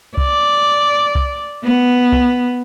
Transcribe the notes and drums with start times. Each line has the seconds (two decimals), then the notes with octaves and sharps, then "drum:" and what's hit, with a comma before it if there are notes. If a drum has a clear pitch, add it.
0.17 D5, drum: kick C2
1.15 drum: kick C2
1.64 B3
2.12 drum: kick C2